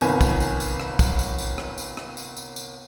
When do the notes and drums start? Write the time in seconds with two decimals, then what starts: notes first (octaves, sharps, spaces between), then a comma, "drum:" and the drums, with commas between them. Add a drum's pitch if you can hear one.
0.01 G1 C2 D#3 B4 G#5, drum: tambourine
0.21 drum: kick, tambourine
0.40 drum: tambourine
0.60 drum: tambourine
0.80 drum: rim click
0.99 drum: kick, tambourine
1.19 drum: tambourine
1.38 drum: tambourine
1.58 drum: rim click
1.78 drum: tambourine
1.97 drum: rim click
2.17 drum: tambourine
2.37 drum: tambourine
2.56 drum: tambourine